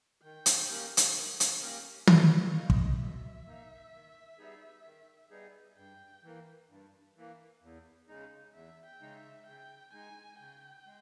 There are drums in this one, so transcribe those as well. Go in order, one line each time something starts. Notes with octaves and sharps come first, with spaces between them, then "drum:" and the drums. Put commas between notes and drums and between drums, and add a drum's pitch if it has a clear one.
D#3 G5
drum: hi-hat
A#3 C#4 G4 A#4
drum: hi-hat
D#3
drum: hi-hat
A#3 C#4 G4 A#4
B2 B4, drum: tom D#3
C#5
A#3 D#4
D#5, drum: kick
B2 E5
A#3 D#4
D#3
G3 B3 D#4 G#4
D#3
G3 B3 D#4 G#4
G2 G5
E3 A#3
G2
E3 A#3
E2
C#3 G#3 D#4
E2 E5
G5
C#3 G#3 D#4
E5
C#3 G5
G#3 D#4 G#5
C#3 G5
G#3